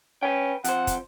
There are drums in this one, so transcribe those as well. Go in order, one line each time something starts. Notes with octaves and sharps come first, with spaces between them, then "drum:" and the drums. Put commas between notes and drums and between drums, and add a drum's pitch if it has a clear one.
C#4 B4 G5
F2 C5 F#5, drum: hi-hat
drum: kick, hi-hat